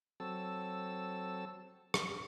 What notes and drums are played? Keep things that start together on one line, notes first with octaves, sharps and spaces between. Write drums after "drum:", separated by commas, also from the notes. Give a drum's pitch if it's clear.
F#3 C4 A4 A5 E6
drum: rim click